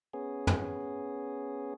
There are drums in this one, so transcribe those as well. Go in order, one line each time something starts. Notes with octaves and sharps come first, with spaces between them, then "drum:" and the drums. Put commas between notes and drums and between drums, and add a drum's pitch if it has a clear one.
B3 C#4 G#4
drum: tom